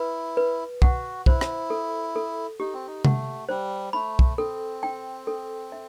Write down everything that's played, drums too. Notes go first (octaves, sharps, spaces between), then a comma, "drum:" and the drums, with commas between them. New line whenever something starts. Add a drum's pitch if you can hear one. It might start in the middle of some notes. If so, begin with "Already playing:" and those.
Already playing: E4 B4
B4
F#4 F#5, drum: kick
E4 C5, drum: kick
drum: rim click
A4
A4
D#4 G4
C4
D#4
A3 F#5, drum: tom C3
G3 C5
A3 B5
drum: kick
C4 A4
G5
A4
E5